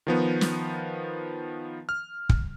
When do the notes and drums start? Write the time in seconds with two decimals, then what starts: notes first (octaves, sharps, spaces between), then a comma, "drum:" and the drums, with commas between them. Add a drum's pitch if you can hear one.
0.07 D#3 F3 B3
0.41 drum: snare
1.89 F6
2.29 drum: kick